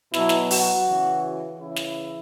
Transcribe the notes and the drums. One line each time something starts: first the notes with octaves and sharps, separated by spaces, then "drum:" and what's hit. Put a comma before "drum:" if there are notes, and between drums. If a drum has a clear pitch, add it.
B2 F#3 E4, drum: snare
drum: snare
F#4, drum: open hi-hat
C#3 E3
C#3 E3 E4
drum: snare